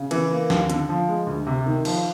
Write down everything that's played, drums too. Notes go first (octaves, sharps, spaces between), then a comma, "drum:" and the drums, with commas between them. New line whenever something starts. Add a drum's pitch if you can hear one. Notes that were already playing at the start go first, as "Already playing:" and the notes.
Already playing: C#3
E3, drum: cymbal
A#3
D#2, drum: snare
D3, drum: hi-hat
F3
G#3
D2
C3
D#3
F3, drum: cymbal